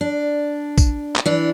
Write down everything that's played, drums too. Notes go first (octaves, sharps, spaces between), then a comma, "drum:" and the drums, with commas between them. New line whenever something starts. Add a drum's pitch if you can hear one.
D4
drum: kick A#1, tambourine
drum: clap
E3 D4